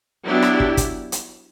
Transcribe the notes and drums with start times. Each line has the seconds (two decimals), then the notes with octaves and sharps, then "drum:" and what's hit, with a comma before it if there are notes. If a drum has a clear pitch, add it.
0.25 F#3 B3 D4 E4 G4
0.42 drum: rim click
0.60 drum: kick
0.77 drum: kick, hi-hat
1.12 drum: hi-hat